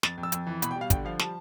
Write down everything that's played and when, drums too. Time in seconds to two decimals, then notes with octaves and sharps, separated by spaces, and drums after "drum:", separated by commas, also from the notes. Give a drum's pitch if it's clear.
0.03 F2 A6, drum: snare
0.18 F2
0.23 E6
0.32 F2, drum: hi-hat
0.47 E3
0.62 B2 B5, drum: hi-hat
0.71 G5
0.76 G3
0.81 F5
0.90 D3 G5, drum: kick, hi-hat
1.05 F3 F5
1.19 G3 A5, drum: snare